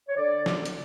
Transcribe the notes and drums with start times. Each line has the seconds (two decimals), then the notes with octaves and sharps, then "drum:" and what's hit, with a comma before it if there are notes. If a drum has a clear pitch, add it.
0.08 C#5
0.16 D3 D5
0.46 drum: snare
0.65 drum: hi-hat